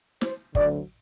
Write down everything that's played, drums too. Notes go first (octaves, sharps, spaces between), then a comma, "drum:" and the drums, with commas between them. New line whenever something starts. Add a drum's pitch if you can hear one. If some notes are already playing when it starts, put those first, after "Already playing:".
C5, drum: snare
D2 D3 F#3 D5, drum: kick